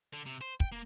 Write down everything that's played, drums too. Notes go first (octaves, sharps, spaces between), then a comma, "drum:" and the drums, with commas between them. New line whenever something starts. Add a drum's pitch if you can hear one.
D3
C3
C5
G5, drum: kick
A#3